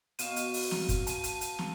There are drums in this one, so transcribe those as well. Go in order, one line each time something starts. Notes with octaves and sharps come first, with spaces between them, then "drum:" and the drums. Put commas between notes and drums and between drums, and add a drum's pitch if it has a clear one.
B2 F5 D#7 E7, drum: hi-hat
drum: hi-hat
drum: open hi-hat
drum: snare
drum: kick, hi-hat
A5 D#7, drum: hi-hat
drum: hi-hat
drum: hi-hat
drum: snare